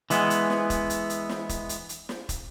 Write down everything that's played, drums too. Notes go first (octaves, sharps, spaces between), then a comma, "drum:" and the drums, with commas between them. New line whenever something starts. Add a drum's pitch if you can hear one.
E3 G#3 B3, drum: hi-hat
drum: hi-hat
drum: snare
drum: kick, hi-hat
drum: hi-hat
drum: hi-hat
drum: snare
drum: kick, hi-hat
drum: hi-hat
drum: hi-hat
drum: snare
drum: kick, hi-hat